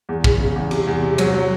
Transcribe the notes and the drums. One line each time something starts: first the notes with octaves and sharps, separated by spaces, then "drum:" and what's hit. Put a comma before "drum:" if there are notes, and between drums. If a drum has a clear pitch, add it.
E2
E2, drum: kick
C#3
E2
C3, drum: cymbal
E2
C3
F#3, drum: cymbal
F#3